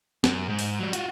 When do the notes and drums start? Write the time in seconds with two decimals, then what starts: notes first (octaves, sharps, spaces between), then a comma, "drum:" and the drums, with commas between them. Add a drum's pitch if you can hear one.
0.24 F#2, drum: snare
0.49 G#2
0.59 drum: open hi-hat
0.79 F#3 G3
0.93 F4 F#4, drum: hi-hat